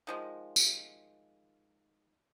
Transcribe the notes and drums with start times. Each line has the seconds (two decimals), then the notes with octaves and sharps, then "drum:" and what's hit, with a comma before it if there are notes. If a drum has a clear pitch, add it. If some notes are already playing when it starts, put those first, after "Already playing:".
0.07 D#3 F3 G#3
0.56 drum: tambourine